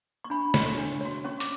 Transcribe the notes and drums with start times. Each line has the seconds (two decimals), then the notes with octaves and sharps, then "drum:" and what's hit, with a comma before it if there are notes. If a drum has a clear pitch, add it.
0.24 C#6
0.30 D4 B5
0.54 F#4 C#5, drum: snare
0.77 D4
1.01 F#4 C#5
1.24 C#4 C#6
1.40 D6, drum: hi-hat